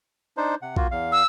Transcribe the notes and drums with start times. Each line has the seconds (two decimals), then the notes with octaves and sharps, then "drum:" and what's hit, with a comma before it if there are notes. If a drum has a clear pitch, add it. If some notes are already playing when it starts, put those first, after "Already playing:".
0.37 D4 D#4 C5
0.62 C3 F#5
0.76 A#3 F4 F#4, drum: kick A#1
0.91 E2 F5
1.12 E6